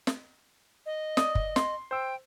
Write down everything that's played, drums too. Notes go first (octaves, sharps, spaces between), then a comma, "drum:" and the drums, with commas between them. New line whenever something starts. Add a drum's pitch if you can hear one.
drum: snare
D#5
D5 D#6, drum: snare
drum: kick
C6, drum: snare
C5 G5 E6